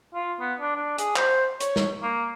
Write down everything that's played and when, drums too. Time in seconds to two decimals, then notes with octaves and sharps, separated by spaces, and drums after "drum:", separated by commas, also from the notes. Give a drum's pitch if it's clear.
0.14 F4
0.40 B3
0.60 D4
0.75 D4
0.98 G#4, drum: hi-hat
1.16 C5, drum: clap
1.60 C#5, drum: hi-hat
1.76 drum: snare
2.02 A#3